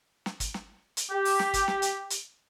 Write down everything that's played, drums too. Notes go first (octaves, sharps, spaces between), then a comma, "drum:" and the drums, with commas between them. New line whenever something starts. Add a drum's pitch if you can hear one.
drum: snare
drum: kick, hi-hat
drum: snare
drum: hi-hat
G4
drum: open hi-hat
drum: snare
drum: kick, hi-hat
drum: snare
drum: hi-hat
drum: hi-hat